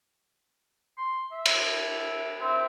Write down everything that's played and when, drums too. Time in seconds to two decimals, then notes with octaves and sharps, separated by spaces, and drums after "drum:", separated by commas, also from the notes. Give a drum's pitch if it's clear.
0.98 C6
1.32 E5
1.46 drum: cymbal
2.41 C4 E5